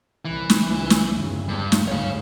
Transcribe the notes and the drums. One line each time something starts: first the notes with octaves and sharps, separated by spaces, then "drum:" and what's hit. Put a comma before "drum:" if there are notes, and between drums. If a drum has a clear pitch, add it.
C2 E3
drum: snare
C#2
drum: snare
G1 E2 C#3
G2
drum: snare
G1 D2 G#2 C#5 F5